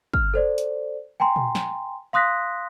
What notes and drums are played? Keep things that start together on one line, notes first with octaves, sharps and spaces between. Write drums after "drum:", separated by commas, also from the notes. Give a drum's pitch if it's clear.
F6, drum: kick
A4 C5 D5
drum: hi-hat
G5 G#5 A#5 C6
drum: tom A#2
drum: snare
F5 C6 D#6 F#6 A#6 B6